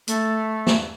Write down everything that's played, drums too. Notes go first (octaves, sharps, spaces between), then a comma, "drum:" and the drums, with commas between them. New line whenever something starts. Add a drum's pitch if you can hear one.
A3, drum: hi-hat
drum: snare